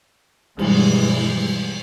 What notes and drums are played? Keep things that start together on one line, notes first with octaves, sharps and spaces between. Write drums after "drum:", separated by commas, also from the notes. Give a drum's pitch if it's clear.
G2 B2 E3 F3 G3 G#3, drum: cymbal